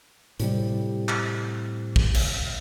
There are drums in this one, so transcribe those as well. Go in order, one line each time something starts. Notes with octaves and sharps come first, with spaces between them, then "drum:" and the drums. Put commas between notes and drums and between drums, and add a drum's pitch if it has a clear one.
A2 C3 G3, drum: hi-hat
drum: clap
drum: kick
drum: cymbal